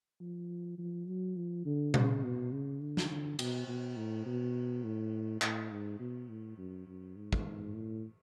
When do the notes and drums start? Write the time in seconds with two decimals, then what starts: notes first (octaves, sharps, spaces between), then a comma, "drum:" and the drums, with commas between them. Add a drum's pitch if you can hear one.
0.20 F3
0.78 F3
1.08 F#3
1.37 F3
1.66 D3
1.94 C#3, drum: tom A#2
2.24 B2
2.52 C#3
2.81 D3
2.97 drum: snare
3.10 D3
3.39 B2, drum: cymbal
3.68 B2
3.97 A2
4.26 B2
4.84 A2
5.42 A2, drum: clap
5.71 G#2
6.00 B2
6.29 A2
6.58 F#2
6.87 F#2
7.16 G#2
7.33 drum: kick
7.74 A2